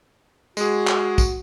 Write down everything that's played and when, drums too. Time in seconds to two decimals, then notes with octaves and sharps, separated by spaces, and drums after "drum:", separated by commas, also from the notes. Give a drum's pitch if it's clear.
0.57 G#3 F#4 G#4, drum: tambourine
0.87 drum: clap
1.18 drum: kick, tambourine